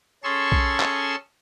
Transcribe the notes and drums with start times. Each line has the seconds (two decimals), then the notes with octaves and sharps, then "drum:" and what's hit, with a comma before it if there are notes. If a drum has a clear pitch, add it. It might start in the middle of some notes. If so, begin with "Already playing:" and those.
0.24 C#4 G#4 A4 C6 C#6 E6
0.52 drum: kick B1
0.80 drum: clap